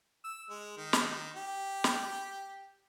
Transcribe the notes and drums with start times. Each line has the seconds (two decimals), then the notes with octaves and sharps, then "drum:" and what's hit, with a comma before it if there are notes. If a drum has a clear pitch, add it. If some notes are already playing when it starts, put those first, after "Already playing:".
0.25 E6
0.50 G#3
0.77 D#3
0.93 drum: snare
1.36 G4
1.84 drum: snare